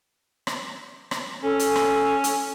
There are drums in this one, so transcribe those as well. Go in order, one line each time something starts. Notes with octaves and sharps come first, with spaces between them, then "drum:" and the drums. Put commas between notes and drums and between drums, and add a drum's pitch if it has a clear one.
drum: rim click
drum: rim click
C#4 A4
drum: hi-hat
drum: rim click
drum: hi-hat